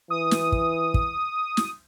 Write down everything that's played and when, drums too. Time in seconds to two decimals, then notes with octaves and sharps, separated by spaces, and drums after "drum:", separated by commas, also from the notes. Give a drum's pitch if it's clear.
0.10 E3 D#6
0.31 drum: snare
0.52 drum: kick
0.94 drum: kick
1.57 drum: snare